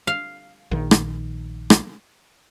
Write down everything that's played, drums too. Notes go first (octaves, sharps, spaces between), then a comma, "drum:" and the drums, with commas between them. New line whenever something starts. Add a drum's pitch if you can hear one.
F5
A#1 D#3
drum: rim click
drum: rim click